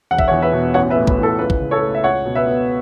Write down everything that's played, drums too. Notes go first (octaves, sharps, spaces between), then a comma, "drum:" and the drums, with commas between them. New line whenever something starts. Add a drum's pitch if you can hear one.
E1 F#5
E5, drum: kick
C#5 F#5
E2
B4 E5
B2
A1 C#5 F#5
B4 E5
A2
B4, drum: kick
E3 A4
C#2 B4
drum: kick
C#3
A4 C#5
A3
E5
C#2 C#5 F#5
B2
B4 E5
B3